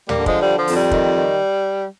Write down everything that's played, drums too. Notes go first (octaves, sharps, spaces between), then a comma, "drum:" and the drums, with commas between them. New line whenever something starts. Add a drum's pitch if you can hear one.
G3 A#3, drum: tom
D3
F3 G#3, drum: kick
F3 G3
F3
F2, drum: open hi-hat
G3
D#3, drum: kick
D#3